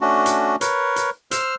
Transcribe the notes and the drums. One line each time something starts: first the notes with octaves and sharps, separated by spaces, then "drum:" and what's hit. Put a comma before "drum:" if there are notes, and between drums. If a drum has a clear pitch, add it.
A3 C#4 D4 F#4
drum: hi-hat
A#4 B4 C#5, drum: hi-hat
drum: hi-hat
C5 E6 F6, drum: hi-hat